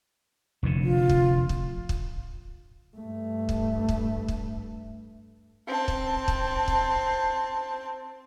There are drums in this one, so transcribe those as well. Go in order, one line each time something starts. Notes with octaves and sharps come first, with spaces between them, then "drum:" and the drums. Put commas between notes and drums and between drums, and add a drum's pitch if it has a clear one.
F1 F2 D3
F4
drum: kick
drum: kick
drum: kick
G2 A3
drum: kick
drum: kick
drum: kick
C4 A5
drum: kick
drum: kick
drum: kick